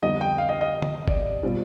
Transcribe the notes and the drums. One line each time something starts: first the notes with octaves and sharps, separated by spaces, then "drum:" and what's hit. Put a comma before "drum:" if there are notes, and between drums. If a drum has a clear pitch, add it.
F2 D3 G3 B3 D#4 D#5
G5
F5
D#5
D#5
drum: tom
D5, drum: kick G1
B2 G3 C4 F4